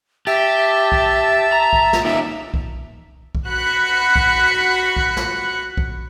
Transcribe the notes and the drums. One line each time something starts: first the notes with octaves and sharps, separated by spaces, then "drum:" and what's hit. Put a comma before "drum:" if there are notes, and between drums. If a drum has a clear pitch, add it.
G4 E5 A5
drum: kick
A#5
drum: kick
drum: snare
A#3 C#4 D#4 E5
drum: kick
drum: kick
F#4 B5 F#6 C#7
drum: kick
drum: kick
drum: snare
drum: kick